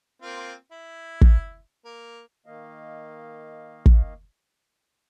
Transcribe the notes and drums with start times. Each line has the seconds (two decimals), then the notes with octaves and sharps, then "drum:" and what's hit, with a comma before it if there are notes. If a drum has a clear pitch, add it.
0.22 A#3 C4 F4
0.72 E4
1.21 drum: kick
1.85 A#3
2.46 D#3 A#3 D#5 F5
3.86 drum: kick